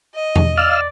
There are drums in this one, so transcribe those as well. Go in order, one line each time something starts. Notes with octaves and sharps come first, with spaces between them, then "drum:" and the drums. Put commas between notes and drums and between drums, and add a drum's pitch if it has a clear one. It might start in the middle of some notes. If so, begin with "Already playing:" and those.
D#5
drum: tom E2
D5 F5 E6 F6